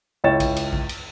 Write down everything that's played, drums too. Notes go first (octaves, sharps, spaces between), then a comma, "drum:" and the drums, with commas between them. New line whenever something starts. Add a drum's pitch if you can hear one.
C#2 E4 C#5 G5 A6 E7
drum: kick A#1, cymbal
drum: cymbal
drum: kick A#1
drum: cymbal